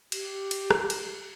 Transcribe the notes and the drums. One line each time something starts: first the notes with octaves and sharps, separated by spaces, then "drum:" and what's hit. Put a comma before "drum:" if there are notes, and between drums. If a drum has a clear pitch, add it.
G4, drum: cymbal
drum: cymbal
drum: rim click
drum: cymbal